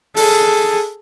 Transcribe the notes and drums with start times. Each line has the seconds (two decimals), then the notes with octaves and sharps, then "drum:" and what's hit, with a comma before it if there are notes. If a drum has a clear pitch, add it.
0.16 G#4 A4, drum: open hi-hat